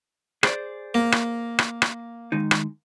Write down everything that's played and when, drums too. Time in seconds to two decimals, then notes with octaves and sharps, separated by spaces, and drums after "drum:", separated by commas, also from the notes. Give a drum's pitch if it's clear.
0.43 G#4 C5 D5, drum: rim click
0.94 A#3
1.12 drum: rim click
1.59 drum: rim click
1.82 drum: rim click
2.32 D#3 G#3 D#4
2.51 drum: rim click